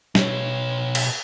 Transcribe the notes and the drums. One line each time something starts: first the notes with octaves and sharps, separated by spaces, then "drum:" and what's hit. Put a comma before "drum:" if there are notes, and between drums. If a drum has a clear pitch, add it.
B2 C#5, drum: snare
drum: cymbal